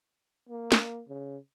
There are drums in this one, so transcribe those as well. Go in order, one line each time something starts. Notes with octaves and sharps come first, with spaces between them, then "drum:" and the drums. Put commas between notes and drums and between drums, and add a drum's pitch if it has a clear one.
A#3
drum: snare
C#3